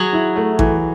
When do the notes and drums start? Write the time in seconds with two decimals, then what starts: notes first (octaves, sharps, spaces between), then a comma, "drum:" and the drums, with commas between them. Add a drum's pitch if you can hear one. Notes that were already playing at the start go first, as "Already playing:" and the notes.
Already playing: F#3 F#4 G#4
0.13 E4
0.36 A3
0.59 E3, drum: kick A1